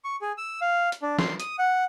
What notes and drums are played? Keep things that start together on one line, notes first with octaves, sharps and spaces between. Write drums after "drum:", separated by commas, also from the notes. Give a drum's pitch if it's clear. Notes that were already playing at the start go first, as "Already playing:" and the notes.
C#6
G#4
E6
F5
drum: hi-hat
D4
C6, drum: snare
D#6, drum: hi-hat
F#5